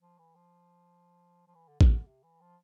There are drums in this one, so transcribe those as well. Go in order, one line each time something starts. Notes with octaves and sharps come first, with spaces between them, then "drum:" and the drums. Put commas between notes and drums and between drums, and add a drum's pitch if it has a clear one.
F3
E3
F3
F3
E3
D3
D3, drum: kick A1
D3
C3
E3
F3